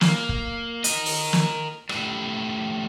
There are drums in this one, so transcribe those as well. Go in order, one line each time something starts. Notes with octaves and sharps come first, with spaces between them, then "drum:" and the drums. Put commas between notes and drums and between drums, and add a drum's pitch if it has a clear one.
A#3, drum: snare
drum: kick
A#4 D#5, drum: hi-hat
drum: open hi-hat
drum: snare
A2 G3, drum: rim click